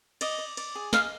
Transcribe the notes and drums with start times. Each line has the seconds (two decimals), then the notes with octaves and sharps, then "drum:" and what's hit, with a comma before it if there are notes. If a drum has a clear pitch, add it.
0.21 D5 D#5, drum: cymbal
0.39 D5
0.57 D5, drum: cymbal
0.75 G#4
0.93 D#5 F5, drum: snare